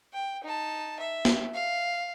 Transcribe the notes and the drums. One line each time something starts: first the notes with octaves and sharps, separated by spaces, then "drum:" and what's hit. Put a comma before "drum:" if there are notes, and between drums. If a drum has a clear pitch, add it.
G5
D#4 A5
E5
drum: snare
F5